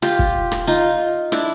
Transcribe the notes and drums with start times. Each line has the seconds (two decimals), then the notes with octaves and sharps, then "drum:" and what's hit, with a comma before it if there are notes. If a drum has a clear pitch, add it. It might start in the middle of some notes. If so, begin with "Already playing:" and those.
0.02 F4 G4, drum: rim click
0.19 drum: kick
0.51 drum: rim click
0.67 D#4 F4
1.32 D4 E4, drum: rim click